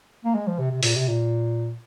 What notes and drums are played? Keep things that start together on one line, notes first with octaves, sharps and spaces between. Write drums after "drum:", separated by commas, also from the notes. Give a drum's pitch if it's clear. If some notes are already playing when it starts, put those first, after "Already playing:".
A#3
G#3
F3
C3
C3
A#2, drum: open hi-hat
C3
A#2